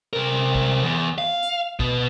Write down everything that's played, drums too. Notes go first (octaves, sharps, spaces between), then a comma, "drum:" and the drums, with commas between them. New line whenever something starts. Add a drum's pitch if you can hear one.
C3 A#4
drum: kick
E2
F5
drum: hi-hat
B2, drum: kick